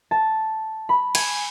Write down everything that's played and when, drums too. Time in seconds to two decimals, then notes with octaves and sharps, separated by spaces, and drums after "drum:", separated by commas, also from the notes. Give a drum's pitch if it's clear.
0.11 A5
0.89 B5
1.15 G#5, drum: cymbal